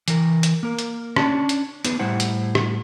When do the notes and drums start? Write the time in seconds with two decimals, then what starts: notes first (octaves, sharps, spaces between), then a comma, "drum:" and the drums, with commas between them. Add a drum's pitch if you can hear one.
0.08 E3 A#4, drum: hi-hat
0.43 drum: hi-hat
0.63 A#3 A#4
0.79 drum: hi-hat
1.16 C#4 D4 C#5 A5, drum: rim click
1.49 drum: hi-hat
1.85 B3 D#4 G#4 B4, drum: hi-hat
1.99 A2 G3 E4 C5 F#5
2.20 drum: hi-hat
2.55 drum: rim click